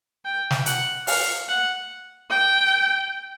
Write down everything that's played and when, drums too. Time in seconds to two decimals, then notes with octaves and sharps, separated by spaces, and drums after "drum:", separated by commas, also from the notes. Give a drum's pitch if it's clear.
0.25 G5
0.51 drum: snare
0.66 F#5, drum: hi-hat
1.07 F5, drum: open hi-hat
1.49 F#5
2.30 G5